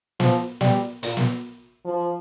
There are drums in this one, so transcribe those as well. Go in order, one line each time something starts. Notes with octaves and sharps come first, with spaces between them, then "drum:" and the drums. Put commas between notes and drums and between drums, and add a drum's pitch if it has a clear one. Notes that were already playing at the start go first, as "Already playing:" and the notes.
F3, drum: snare
G3, drum: snare
A#2, drum: hi-hat
drum: snare
F3